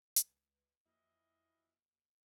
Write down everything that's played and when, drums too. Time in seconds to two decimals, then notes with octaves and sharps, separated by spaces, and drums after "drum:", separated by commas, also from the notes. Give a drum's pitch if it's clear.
0.16 C#2 G#3 B4, drum: hi-hat
0.85 F2 E3 F3 A#3 E4 F#4 D#5